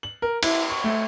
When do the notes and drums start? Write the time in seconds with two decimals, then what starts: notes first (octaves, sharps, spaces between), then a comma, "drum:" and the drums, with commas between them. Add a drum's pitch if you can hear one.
0.03 F#7
0.22 A#4
0.43 E4, drum: cymbal
0.70 C#6
0.84 A3